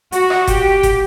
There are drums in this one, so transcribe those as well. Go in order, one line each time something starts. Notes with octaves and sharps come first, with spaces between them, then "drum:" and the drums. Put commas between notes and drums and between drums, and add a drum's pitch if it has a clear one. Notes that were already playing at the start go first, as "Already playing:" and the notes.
F#4, drum: hi-hat
drum: rim click
G4, drum: kick F#1, hi-hat
drum: kick F#1, hi-hat